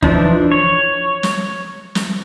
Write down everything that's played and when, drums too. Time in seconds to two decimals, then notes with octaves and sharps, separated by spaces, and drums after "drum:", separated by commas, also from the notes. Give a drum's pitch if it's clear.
0.03 E3 F3 D4 D#4, drum: kick
0.52 C#5
1.23 drum: snare
1.95 drum: snare